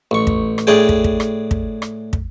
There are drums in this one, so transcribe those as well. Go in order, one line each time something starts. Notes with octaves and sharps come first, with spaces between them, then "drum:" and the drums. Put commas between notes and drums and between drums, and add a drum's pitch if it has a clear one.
A1 C#6
drum: kick
drum: rim click
A2 D4 G#4 G5
drum: kick
drum: kick
drum: rim click
drum: kick
drum: rim click
drum: kick